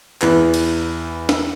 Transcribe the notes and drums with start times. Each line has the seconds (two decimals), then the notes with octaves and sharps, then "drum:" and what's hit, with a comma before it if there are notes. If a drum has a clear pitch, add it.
0.22 E2 B4, drum: clap
0.54 drum: cymbal
1.29 drum: snare